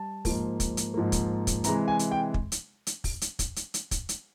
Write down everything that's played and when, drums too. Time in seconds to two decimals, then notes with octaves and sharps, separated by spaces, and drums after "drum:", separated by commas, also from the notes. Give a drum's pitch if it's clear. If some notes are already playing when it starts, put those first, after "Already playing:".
Already playing: G3 A5
0.25 G#2 F3 A#3, drum: kick, open hi-hat
0.60 drum: kick, hi-hat
0.77 drum: hi-hat
0.94 G#2 F3 A#3
1.12 drum: kick, hi-hat
1.47 drum: kick, hi-hat
1.64 C3 E3 G#3 A#5, drum: hi-hat
1.88 G#5
1.99 drum: hi-hat
2.11 G5
2.34 drum: kick
2.52 drum: hi-hat
2.87 drum: hi-hat
3.04 drum: kick, open hi-hat
3.21 drum: hi-hat
3.39 drum: kick, hi-hat
3.56 drum: hi-hat
3.74 drum: hi-hat
3.91 drum: kick, hi-hat
4.09 drum: hi-hat